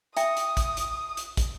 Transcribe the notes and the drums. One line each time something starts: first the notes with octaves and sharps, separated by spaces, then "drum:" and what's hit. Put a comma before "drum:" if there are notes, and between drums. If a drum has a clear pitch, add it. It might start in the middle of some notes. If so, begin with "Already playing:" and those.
E5 G5 D#6, drum: hi-hat
drum: hi-hat
drum: kick, hi-hat
drum: hi-hat
drum: hi-hat
drum: kick, hi-hat